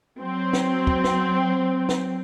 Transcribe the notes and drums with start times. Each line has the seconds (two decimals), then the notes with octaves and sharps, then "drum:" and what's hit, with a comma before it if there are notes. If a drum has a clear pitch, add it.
0.19 F#3 C4
0.53 drum: snare
0.87 drum: kick
1.04 drum: snare
1.89 drum: snare